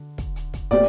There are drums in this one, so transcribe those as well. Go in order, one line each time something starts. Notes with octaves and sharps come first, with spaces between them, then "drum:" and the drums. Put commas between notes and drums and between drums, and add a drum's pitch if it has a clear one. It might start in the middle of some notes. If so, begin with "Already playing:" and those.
Already playing: D3
drum: kick, hi-hat
drum: hi-hat
drum: kick, hi-hat
A#2 A3 C4 G4 D5, drum: hi-hat